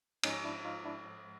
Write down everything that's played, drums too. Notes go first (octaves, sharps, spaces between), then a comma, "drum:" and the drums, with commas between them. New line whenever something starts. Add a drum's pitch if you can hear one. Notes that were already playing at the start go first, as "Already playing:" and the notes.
G#2 F3 G#3 C#4 D#4, drum: cymbal
D4 E4
D#4 F4
D4 E4